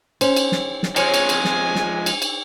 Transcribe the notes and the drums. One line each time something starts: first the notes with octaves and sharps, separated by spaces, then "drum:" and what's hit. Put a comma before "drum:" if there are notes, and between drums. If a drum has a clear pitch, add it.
C#4 C5, drum: cymbal
drum: cymbal
drum: snare
drum: snare
F3 G#3 C4 C#5 G#5, drum: cymbal
drum: cymbal
drum: cymbal
drum: snare
drum: snare
drum: cymbal
drum: cymbal